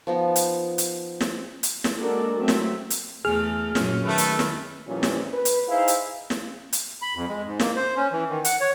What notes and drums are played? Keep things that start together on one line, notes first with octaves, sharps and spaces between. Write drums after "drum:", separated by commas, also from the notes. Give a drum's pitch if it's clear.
F3 B3 D#4
drum: hi-hat
drum: hi-hat
drum: snare
drum: hi-hat
drum: snare
G#3 A#3 D4 F#4 A4 A#4
F#3 A3 A#3 C4 E5
drum: snare
drum: hi-hat
E2 A3 G#4 F6
F#2 A#2 C#4, drum: snare
D#3 A3 B4
drum: hi-hat
drum: snare
F2 A#2 E3 F3 G3 C#4
drum: snare
B4
drum: hi-hat
D#4 E4 G#4 C5 F5
drum: hi-hat
drum: snare
drum: hi-hat
B5
F2
G#3
G#2
A#3, drum: snare
C5
C#4
E3
D#3
F#5, drum: hi-hat
C#5